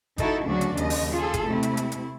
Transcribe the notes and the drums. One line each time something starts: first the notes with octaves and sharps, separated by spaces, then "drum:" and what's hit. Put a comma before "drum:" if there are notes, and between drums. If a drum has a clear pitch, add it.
D#4 E4 F#4 A4, drum: kick G#1, hi-hat
D2 C#3 F#3 D4 F#4
drum: hi-hat
D#2 C#3 F#3 D#5, drum: hi-hat
drum: open hi-hat
F4 G#4 A4
drum: kick G#1, hi-hat
C3 A3 E4
drum: hi-hat
drum: hi-hat
drum: hi-hat